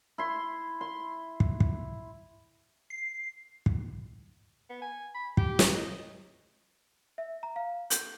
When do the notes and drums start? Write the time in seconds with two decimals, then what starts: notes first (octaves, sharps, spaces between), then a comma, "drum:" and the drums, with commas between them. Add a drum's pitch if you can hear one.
0.18 E4 C6
0.81 C6
1.40 drum: kick
1.60 drum: kick
2.90 C7
3.66 drum: kick
4.70 B3
4.82 G#5
5.14 B5
5.37 G4, drum: kick
5.59 drum: snare
5.76 D#5
7.18 E5
7.43 A#5
7.56 F5
7.90 G6, drum: hi-hat